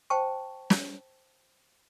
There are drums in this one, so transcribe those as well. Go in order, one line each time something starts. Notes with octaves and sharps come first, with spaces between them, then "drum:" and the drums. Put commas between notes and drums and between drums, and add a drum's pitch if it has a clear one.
C5 G5 A5 C#6
drum: snare